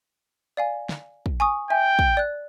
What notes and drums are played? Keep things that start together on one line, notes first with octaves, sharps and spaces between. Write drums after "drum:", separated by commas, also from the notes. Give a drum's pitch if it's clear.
D5 F5 G#5
drum: snare
drum: kick
G#5 C#6 D#6
E5 G5 G#5
drum: kick
D5 F#6